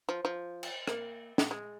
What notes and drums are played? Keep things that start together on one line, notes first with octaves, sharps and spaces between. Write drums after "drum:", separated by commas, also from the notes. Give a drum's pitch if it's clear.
F3
F3
drum: cymbal
A#3, drum: rim click
drum: snare
G#3